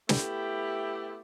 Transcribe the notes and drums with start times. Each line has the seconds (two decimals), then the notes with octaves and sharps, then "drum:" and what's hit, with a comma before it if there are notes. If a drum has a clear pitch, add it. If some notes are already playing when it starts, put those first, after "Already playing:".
0.09 A3 B3 E4 G4, drum: snare